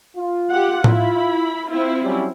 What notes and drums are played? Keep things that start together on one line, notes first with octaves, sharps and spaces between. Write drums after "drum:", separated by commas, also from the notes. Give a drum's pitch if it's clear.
F4
G4 F#5
E4 B5, drum: tom A2
C4 E4 F4
F#3 G3 C#4